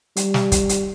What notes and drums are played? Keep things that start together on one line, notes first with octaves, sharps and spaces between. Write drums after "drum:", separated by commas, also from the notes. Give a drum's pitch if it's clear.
G3, drum: hi-hat
drum: snare
drum: kick, hi-hat
drum: hi-hat